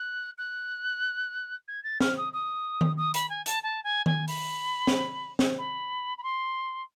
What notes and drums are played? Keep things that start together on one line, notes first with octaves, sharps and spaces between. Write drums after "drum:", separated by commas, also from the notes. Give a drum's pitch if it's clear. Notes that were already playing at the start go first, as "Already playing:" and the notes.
Already playing: F#6
F#6
G#6
A6
F6, drum: snare
D#6
D#6
drum: tom D#3
D#6
B5, drum: hi-hat
G#5
A5, drum: hi-hat
A5
G#5
G#5, drum: tom D#3
B5, drum: open hi-hat
drum: snare
drum: snare
B5
B5
C6